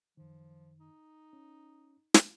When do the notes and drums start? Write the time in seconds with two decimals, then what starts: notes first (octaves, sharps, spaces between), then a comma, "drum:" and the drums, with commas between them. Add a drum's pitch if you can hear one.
0.17 F#2 D#3 F3
0.80 D#4
1.33 C#4
2.14 drum: snare